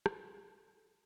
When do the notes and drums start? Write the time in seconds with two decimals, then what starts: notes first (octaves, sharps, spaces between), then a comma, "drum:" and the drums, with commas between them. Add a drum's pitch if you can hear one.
0.06 A4, drum: rim click